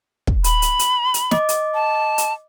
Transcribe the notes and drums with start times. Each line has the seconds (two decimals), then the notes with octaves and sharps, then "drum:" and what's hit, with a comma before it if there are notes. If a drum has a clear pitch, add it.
0.27 drum: kick
0.44 B5, drum: hi-hat
0.62 drum: hi-hat
0.79 drum: hi-hat
1.14 drum: hi-hat
1.31 D#5 D6, drum: snare
1.49 drum: hi-hat
1.74 A5
2.18 drum: hi-hat